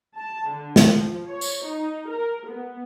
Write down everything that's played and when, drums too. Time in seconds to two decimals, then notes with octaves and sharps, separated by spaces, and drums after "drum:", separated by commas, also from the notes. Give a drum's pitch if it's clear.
0.16 A5
0.49 D3
0.76 drum: snare
0.89 F3
1.27 C#5
1.41 drum: tambourine
1.65 D#4
2.08 A#4
2.47 B3